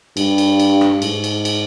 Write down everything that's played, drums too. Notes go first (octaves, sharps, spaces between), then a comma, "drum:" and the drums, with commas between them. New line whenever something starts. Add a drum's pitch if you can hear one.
G2, drum: cymbal
drum: cymbal
drum: cymbal
drum: rim click
G#2, drum: cymbal
drum: cymbal
drum: cymbal